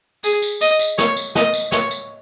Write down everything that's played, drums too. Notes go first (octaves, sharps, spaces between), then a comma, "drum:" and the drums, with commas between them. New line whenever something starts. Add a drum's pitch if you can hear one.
G#4, drum: tambourine
drum: tambourine
D#5, drum: tambourine
drum: tambourine
C#5, drum: snare
drum: tambourine
D#5, drum: snare
drum: tambourine
C#5, drum: snare
drum: tambourine